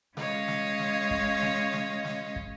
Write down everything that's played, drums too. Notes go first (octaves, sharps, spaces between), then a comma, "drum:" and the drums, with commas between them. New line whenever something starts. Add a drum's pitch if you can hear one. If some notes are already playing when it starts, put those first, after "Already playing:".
G#3 C#4 C#5 D#5 F5, drum: snare
drum: snare
drum: snare
drum: kick
drum: snare
drum: snare
drum: snare
drum: kick